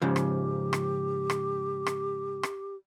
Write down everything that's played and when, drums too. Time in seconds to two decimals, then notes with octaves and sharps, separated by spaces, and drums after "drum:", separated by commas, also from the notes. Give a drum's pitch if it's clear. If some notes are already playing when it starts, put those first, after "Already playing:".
0.02 G#2 C#3 F3 G4
0.16 drum: rim click
0.73 drum: rim click
1.30 drum: rim click
1.86 drum: rim click
2.43 drum: rim click